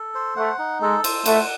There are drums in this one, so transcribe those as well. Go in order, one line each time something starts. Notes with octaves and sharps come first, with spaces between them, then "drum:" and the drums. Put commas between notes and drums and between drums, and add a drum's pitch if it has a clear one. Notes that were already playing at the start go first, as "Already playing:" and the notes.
Already playing: A4
C5
A3 F#5
D#4
G#3 A4
C5, drum: cymbal
A3 F#5, drum: cymbal